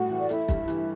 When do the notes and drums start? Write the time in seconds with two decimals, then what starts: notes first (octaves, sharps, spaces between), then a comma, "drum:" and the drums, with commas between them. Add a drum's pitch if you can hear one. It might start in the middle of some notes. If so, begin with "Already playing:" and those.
Already playing: A2 G3 F#4 F#5
0.10 E3
0.19 D5
0.29 A3 E4 E5, drum: hi-hat
0.48 G2, drum: kick, hi-hat
0.68 E3, drum: hi-hat